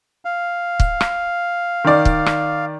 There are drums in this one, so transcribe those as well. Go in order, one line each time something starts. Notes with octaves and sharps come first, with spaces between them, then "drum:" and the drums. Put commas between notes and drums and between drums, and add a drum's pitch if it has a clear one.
F5
drum: kick
drum: rim click
D#3 D5
drum: kick
drum: rim click